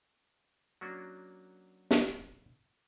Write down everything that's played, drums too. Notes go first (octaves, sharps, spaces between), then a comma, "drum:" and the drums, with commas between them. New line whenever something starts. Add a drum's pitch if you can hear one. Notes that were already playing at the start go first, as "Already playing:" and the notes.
F#3 A#3 C#4 D4 F#4
drum: snare